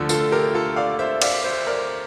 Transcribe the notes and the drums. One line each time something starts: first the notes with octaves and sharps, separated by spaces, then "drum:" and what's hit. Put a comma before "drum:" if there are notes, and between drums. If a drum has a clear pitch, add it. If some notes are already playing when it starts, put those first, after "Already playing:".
Already playing: D2 D3 F3 A3
F4 A4, drum: tambourine
G4 A#4
F4 A4
D5 F5
C5 E5
D5 F5, drum: cymbal
C5 E5
A#4 D5